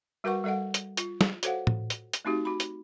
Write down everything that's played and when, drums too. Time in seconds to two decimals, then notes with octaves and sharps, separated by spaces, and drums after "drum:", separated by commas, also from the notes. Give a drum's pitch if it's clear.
0.24 G3 F#4 A#4 B4 F#5 C#6
0.44 G3 A4 D#5 F5 F#5
0.74 drum: hi-hat
0.97 F4, drum: hi-hat
1.21 drum: snare
1.43 F#4 A4 C5 C#5 F5 F#5, drum: hi-hat
1.67 drum: tom A2
1.90 drum: hi-hat
2.13 drum: hi-hat
2.25 A3 C4 D#4 F#4 G4
2.45 F#4 B5
2.60 drum: hi-hat